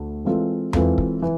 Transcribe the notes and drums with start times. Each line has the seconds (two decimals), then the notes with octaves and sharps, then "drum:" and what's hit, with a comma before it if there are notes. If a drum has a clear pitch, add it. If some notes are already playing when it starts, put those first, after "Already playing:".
Already playing: D2 A3
0.25 E3 G#3 C4 F4 A4
0.73 E3 G#3 C4 F4 A4, drum: tom E2
0.98 drum: kick
1.22 E3